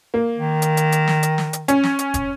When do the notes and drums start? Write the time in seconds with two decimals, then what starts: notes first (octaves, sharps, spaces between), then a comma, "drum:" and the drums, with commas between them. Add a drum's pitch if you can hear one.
0.14 A#3
0.38 D#3
0.62 drum: hi-hat
0.77 drum: hi-hat
0.92 drum: hi-hat
1.08 drum: snare
1.23 drum: hi-hat
1.38 drum: snare
1.53 drum: hi-hat
1.68 C#4, drum: hi-hat
1.84 drum: snare
1.99 drum: hi-hat
2.14 drum: kick, hi-hat